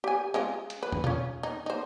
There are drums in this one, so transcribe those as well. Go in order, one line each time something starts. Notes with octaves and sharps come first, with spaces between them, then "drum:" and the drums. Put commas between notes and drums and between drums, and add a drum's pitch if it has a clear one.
G4 G#5
G#3 C#4 F4
drum: hi-hat
B4
drum: tom
C#4 F4, drum: tom B2
D#4
D#4 C5